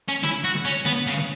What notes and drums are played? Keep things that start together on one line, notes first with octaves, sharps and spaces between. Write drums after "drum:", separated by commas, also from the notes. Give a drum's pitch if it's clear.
C#4
E4, drum: snare
F#4
drum: snare
C#4
B3, drum: snare
C#3
drum: snare